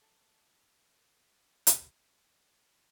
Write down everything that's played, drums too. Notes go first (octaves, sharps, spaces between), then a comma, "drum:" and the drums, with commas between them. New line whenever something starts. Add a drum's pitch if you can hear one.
A4 A#4 A5
drum: hi-hat